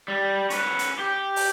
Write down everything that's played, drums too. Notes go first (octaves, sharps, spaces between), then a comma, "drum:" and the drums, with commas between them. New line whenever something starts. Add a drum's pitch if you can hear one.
G3
C#4 B4, drum: hi-hat
drum: hi-hat
G4
drum: open hi-hat